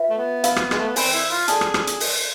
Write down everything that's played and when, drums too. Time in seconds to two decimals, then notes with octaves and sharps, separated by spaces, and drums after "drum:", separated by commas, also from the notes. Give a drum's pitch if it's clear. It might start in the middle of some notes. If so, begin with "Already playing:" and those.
Already playing: F4 B4 E5
0.09 A3
0.18 B3
0.44 B4 F5 B5, drum: hi-hat
0.56 drum: rim click
0.71 G#3, drum: rim click
0.78 A3
0.87 B3
0.96 C4 C5 G#5 B5, drum: open hi-hat
1.13 E4
1.30 F4
1.48 G#4 A4 D5 A5, drum: hi-hat
1.61 drum: rim click
1.74 drum: rim click
1.87 drum: hi-hat
2.00 drum: open hi-hat